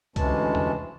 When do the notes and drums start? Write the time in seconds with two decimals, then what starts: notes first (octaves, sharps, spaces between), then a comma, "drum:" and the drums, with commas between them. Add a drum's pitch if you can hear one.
0.16 D2 C3 E3 G#3 C#4 A5, drum: kick, hi-hat
0.55 drum: tom E2